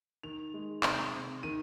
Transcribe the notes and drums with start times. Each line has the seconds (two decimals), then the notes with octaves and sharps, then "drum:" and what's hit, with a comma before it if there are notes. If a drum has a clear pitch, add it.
0.23 D#3 F7
0.54 G#3
0.83 C3, drum: clap
1.14 C3
1.43 D#3 D#7